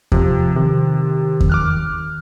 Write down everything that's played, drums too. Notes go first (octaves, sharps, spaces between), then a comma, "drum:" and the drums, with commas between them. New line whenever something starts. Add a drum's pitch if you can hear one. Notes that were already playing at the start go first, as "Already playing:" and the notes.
C3 F3, drum: kick E2
C3 D#3
drum: kick E2
D6 F6 F#6